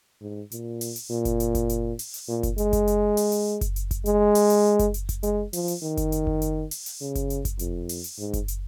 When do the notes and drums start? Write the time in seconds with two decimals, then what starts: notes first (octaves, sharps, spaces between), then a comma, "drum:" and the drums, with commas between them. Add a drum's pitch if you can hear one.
0.21 G#2
0.52 A#2, drum: hi-hat
0.81 drum: open hi-hat
0.96 drum: hi-hat
1.10 A#2
1.25 drum: kick F#1, hi-hat
1.40 drum: hi-hat
1.55 drum: kick F#1, hi-hat
1.69 drum: hi-hat
1.99 drum: open hi-hat
2.14 drum: hi-hat
2.28 A#2
2.43 drum: kick F#1, hi-hat
2.58 G#3, drum: hi-hat
2.73 drum: kick F#1, hi-hat
2.87 drum: hi-hat
3.17 drum: open hi-hat
3.32 drum: hi-hat
3.61 drum: kick F#1, hi-hat
3.76 drum: hi-hat
3.91 drum: kick F#1, hi-hat
4.06 G#3, drum: hi-hat
4.35 drum: open hi-hat
4.50 drum: hi-hat
4.79 drum: kick F#1, hi-hat
4.94 drum: hi-hat
5.09 drum: kick F#1, hi-hat
5.23 G#3, drum: hi-hat
5.53 F3, drum: open hi-hat
5.68 drum: hi-hat
5.82 D#3
5.97 drum: kick F#1, hi-hat
6.12 drum: hi-hat
6.27 drum: kick F#1
6.42 drum: hi-hat
6.71 drum: open hi-hat
6.86 drum: hi-hat
7.01 C#3
7.15 drum: kick F#1, hi-hat
7.30 drum: hi-hat
7.45 drum: kick F#1, hi-hat
7.59 F2, drum: hi-hat
7.89 drum: open hi-hat
8.04 drum: hi-hat
8.18 G#2
8.33 drum: kick F#1, hi-hat
8.48 drum: hi-hat